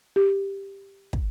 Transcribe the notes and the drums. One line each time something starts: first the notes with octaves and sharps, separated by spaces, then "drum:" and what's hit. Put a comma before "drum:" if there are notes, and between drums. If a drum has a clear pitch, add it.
G4
drum: kick